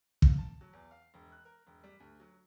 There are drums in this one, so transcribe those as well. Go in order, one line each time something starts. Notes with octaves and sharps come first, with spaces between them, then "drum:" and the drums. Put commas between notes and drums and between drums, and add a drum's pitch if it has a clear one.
A#3, drum: kick
A5
F#3
E2
F5
E1
F#6
A#4
E1
G3
D2
F#3